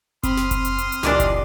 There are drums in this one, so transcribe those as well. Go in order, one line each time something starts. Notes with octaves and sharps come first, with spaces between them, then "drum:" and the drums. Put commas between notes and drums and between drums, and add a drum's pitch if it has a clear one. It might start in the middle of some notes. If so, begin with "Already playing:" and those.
C4 B5 C6 D#6 F6, drum: kick F#1, hi-hat
drum: snare
drum: kick F#1, hi-hat
drum: hi-hat
drum: hi-hat
drum: hi-hat
C#2 A#2 E3 D4 G4 D5 D#5, drum: snare
drum: kick F#1, hi-hat